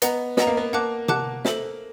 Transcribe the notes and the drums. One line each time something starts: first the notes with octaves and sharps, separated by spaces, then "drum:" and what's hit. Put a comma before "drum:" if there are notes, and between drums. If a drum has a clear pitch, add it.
B3 D#5 F#5 A#5, drum: hi-hat
B3 D#5 F#5 A#5, drum: snare
A#3
B3
A#3 F#5 A5 D6 F#6
F#5 A5 D6 F#6, drum: tom C3
A4 C5 E5, drum: snare